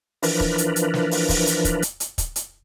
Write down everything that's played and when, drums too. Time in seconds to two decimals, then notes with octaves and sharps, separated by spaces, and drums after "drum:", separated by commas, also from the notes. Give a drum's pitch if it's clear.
0.23 E3 F3 D4 A#4 B4, drum: open hi-hat
0.40 drum: kick
0.58 drum: hi-hat
0.76 drum: hi-hat
0.94 drum: snare
1.11 drum: open hi-hat
1.29 drum: kick, open hi-hat
1.47 drum: hi-hat
1.65 drum: kick, hi-hat
1.82 drum: hi-hat
2.00 drum: hi-hat
2.18 drum: kick, hi-hat
2.36 drum: hi-hat